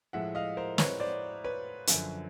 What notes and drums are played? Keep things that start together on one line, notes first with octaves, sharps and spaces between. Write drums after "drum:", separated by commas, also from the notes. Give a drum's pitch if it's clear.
A2 F3 G#3 E5 F#5
D#5 F5
A#4 C5
B4 C#5, drum: snare
C5 D5
B4 C#5
F#2 D3 F3, drum: hi-hat